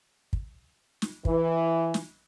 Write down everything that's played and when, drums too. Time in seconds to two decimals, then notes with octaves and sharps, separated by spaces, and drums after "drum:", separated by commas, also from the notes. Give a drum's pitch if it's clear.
0.33 drum: kick
1.02 drum: snare
1.25 E3, drum: kick
1.94 drum: snare